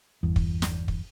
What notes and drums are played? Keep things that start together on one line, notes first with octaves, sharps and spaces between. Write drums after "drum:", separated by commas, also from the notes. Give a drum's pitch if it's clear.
G1 E2
drum: kick
drum: snare
drum: kick